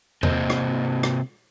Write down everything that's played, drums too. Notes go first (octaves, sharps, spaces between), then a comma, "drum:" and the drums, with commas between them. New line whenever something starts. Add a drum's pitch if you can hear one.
C3 A#3 C5 D#5, drum: tom E2
drum: rim click
drum: rim click